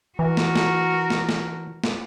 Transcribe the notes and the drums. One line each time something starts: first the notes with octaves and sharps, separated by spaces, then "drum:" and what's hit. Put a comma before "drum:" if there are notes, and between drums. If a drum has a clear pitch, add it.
E3 F#4 A#4
drum: snare
drum: snare
drum: snare
drum: snare
drum: snare